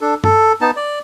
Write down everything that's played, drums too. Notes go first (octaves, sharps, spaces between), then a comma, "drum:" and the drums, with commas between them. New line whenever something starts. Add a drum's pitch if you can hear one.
D4 A4
A4, drum: tom G2
B3 D#4 A5
D5